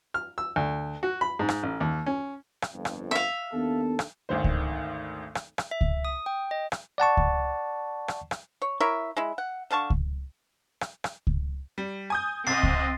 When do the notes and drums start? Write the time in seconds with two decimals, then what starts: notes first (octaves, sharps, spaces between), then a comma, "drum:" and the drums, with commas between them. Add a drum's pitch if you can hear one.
0.14 F6
0.38 E6
0.56 D2
1.03 F#4
1.21 B5
1.39 G#2
1.49 drum: rim click
1.63 A1
1.80 D#2
2.06 C#4
2.62 drum: rim click
2.73 G1 F2
2.85 drum: rim click
3.11 E5 F5
3.53 D#2 B3 D4 A4
3.99 drum: rim click
4.29 G#1 D2 D#3 C5
4.44 drum: kick C#2
5.35 drum: rim click
5.58 drum: rim click
5.71 E5
5.81 drum: kick C#2
6.05 D#6
6.26 G5
6.51 D#5
6.72 drum: rim click
6.98 D5 F#5 A5 C#6
7.17 drum: kick C#2
8.08 drum: rim click
8.31 drum: rim click
8.62 C#5
8.80 E4 A#4 C#5 E5
9.17 G#3 E4
9.38 F#5
9.71 D3 F5 A5 C#6
9.90 drum: kick C#2
10.81 drum: rim click
11.04 drum: rim click
11.27 drum: kick C#2
11.78 G3
12.10 G#5 D#6 G6
12.47 C2 C4 D#5 A6 C7
12.63 drum: kick C#2